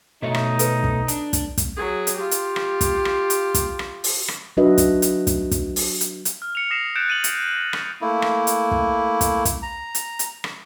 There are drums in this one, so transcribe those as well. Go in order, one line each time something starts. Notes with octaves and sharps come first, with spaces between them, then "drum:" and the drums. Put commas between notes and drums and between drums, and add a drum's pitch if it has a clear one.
B2 A3 D#4 F#4 C#5 D#5 E5
drum: rim click
A4 B4, drum: hi-hat
drum: kick
D4, drum: hi-hat
drum: kick, hi-hat
drum: kick, hi-hat
F#3 G#4
drum: hi-hat
F4 G4
drum: hi-hat
drum: rim click
drum: kick, hi-hat
drum: rim click
drum: hi-hat
drum: kick, hi-hat
drum: rim click
drum: open hi-hat
drum: rim click
F#3 D4 F#4 B4 D#5 E5
drum: kick, hi-hat
drum: hi-hat
drum: kick, hi-hat
drum: kick, hi-hat
drum: open hi-hat
drum: hi-hat
drum: hi-hat
F6
C#7 F7
D#6 A#6 C7 E7
F#6 G6 A6 C#7 D7 E7
A6 D#7 F7 F#7
drum: hi-hat
A#6
drum: rim click
A3 A#3 E4
drum: rim click
drum: hi-hat
drum: kick
drum: kick, hi-hat
drum: kick, hi-hat
A#5
drum: hi-hat
drum: hi-hat
drum: rim click